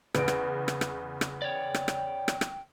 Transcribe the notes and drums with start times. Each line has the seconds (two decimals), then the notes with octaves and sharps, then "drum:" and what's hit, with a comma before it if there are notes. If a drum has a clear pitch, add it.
0.14 E2 C#3 B4 D7, drum: rim click
0.28 drum: rim click
0.68 drum: rim click
0.81 drum: rim click
1.21 drum: rim click
1.42 C#5 D5 G5
1.74 drum: rim click
1.88 drum: rim click
2.28 drum: rim click
2.41 drum: rim click